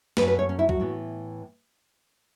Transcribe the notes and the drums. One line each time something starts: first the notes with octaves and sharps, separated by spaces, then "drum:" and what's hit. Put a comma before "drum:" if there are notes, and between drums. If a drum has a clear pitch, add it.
F#2 F#3 A3 B4, drum: snare
B4
C#5
C#4
E4
F#4, drum: kick
A2 E3 B3